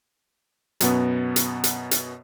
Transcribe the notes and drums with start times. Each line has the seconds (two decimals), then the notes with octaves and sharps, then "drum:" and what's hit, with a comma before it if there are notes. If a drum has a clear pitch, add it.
0.80 F#2 B2 B3, drum: hi-hat
1.36 drum: hi-hat
1.64 drum: hi-hat
1.91 drum: hi-hat